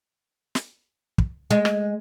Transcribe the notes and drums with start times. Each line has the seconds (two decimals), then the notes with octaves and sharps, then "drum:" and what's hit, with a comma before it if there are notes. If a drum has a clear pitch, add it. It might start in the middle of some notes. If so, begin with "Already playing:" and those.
0.55 drum: snare
1.18 drum: kick
1.51 G#3
1.65 drum: rim click